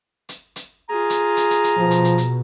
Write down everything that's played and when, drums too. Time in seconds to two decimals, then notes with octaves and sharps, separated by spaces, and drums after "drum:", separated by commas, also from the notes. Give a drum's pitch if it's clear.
0.29 drum: hi-hat
0.56 drum: hi-hat
0.89 F4 G#4 A#5
1.10 drum: hi-hat
1.37 drum: hi-hat
1.50 drum: hi-hat
1.64 drum: hi-hat
1.77 B2 F3
1.91 drum: hi-hat
2.04 drum: hi-hat
2.18 drum: hi-hat